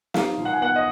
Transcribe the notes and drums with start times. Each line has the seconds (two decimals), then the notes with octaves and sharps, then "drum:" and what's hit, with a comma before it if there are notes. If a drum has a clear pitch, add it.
0.14 D#4 F5, drum: snare
0.38 F3
0.45 F#5
0.54 G#5
0.60 B3 F#5
0.76 D#5